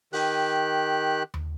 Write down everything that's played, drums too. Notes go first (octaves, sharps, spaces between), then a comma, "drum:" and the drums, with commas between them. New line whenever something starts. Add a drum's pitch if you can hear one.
D#3 G4 F#6, drum: open hi-hat
drum: tom D#2